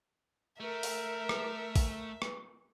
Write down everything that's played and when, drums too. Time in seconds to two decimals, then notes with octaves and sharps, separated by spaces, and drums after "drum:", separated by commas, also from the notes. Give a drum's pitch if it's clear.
0.60 A3 A#4 E5
0.83 drum: open hi-hat
1.29 drum: rim click
1.76 drum: kick A#1, open hi-hat
2.22 drum: rim click